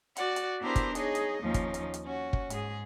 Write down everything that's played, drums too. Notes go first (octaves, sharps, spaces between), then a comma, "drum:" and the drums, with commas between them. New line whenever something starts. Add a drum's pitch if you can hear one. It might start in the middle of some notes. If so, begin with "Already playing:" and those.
F#4 D5 F#5, drum: hi-hat
drum: hi-hat
B3 D4 E4 G4 A#4 C5
drum: kick, hi-hat
D#4 G#4 C#5 D#5, drum: hi-hat
drum: hi-hat
D#2 F3 A#3 C#4 D#4
drum: kick, hi-hat
drum: hi-hat
drum: hi-hat
C#4 F#4
drum: kick
G#2 G#4, drum: hi-hat